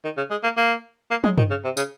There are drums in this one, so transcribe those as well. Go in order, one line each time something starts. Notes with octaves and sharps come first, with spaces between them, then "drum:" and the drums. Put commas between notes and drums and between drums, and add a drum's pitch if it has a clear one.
D#3
C#3
G#3
A#3
A#3
A#3
G#3, drum: tom
D#3, drum: tom G2
C#3
C3
C#3, drum: tambourine